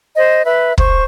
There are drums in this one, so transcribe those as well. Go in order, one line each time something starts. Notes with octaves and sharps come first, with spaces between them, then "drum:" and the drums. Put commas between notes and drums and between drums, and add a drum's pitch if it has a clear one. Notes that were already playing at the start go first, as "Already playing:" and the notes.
C5 D#5
B4 E5
C5 C#6, drum: kick